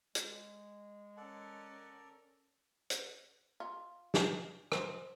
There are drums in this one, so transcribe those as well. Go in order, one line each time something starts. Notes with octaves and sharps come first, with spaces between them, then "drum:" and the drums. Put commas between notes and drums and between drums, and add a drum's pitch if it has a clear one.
G#3, drum: hi-hat
C#4 A4 A#4 D5 F#5 A5
drum: hi-hat
F4
drum: snare
C5, drum: rim click